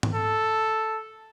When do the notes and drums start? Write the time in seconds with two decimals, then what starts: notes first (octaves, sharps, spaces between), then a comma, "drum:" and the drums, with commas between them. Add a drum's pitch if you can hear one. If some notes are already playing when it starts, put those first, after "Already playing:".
0.03 drum: tom G#2
0.14 A4